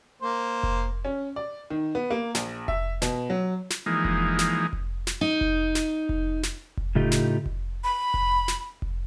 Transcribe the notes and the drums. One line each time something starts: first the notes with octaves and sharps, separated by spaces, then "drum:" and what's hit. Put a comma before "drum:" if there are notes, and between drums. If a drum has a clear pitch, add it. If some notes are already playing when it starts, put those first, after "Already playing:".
A#3 C5
drum: kick F1
C#4
D5
D#3
B3
A#3
A#1, drum: snare
E5, drum: kick F1
B2, drum: snare
F#3
drum: snare
E3 F3 G#3 A#3 D#4
drum: kick F1
drum: snare
drum: kick F1
drum: snare
D#4
drum: kick F1
drum: snare
drum: kick F1
drum: snare
drum: kick F1
A2 C#3 A3 D#4 F4 G4
drum: snare
drum: kick F1
B5
drum: kick F1
drum: snare
drum: kick F1